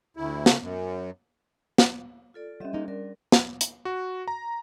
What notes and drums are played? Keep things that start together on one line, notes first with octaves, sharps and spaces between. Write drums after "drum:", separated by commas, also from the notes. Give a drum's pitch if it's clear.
D2 E4
C#3 A3 A#3, drum: snare
F#2
drum: snare
F4 A4 D5
G3 C#4 G4 D#5 E5
G#3 A#3 D#4
D4 A#4
drum: snare
drum: hi-hat
F#4
A#5